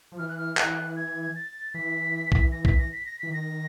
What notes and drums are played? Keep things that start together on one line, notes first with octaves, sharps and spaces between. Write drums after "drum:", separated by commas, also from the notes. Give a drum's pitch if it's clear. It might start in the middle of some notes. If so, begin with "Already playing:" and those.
F3
E3 F6
F#6
F6
F#6, drum: clap
G#6
A6
E3 B6
drum: kick B1
A#6
B6, drum: kick B1
A#6
B6
A#6
E3 B6
D#3 A#6